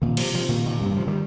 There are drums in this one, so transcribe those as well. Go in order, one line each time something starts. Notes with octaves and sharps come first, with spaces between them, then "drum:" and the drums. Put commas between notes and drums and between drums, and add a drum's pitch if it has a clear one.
A#2 D#3
C3 F3, drum: cymbal
C3 F3
A#2 D#3
A#2 D#3
G2 C3
D#3
C3 F3
D#3 G3